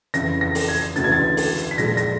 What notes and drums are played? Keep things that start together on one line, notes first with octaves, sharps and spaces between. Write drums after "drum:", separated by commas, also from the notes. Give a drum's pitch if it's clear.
F2 C#3 E3 A#6, drum: hi-hat
A#6
drum: open hi-hat
G#6
D2 C#3 E3 A6, drum: hi-hat
G#6
A6
drum: open hi-hat
drum: hi-hat
B6
A#2 F3 G#3 A#6, drum: hi-hat
A#6, drum: hi-hat